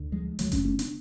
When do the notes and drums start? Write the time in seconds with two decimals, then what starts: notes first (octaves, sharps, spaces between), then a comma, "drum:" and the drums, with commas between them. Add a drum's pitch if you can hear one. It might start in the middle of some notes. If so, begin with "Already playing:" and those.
Already playing: D2 D3
0.12 F3 G#3
0.39 D2 D3 F#3 A3, drum: hi-hat
0.52 A3 C#4, drum: kick F#1, hi-hat
0.65 A3 C#4
0.79 B3 D4, drum: hi-hat